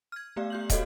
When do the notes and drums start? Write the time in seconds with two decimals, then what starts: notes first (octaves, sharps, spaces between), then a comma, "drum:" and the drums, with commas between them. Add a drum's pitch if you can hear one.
0.12 F6 G#6
0.36 A3 B3 G4 D5 F5
0.50 G4 G6 F#7
0.70 F#4 A4 C#5 D#5 F5, drum: kick, hi-hat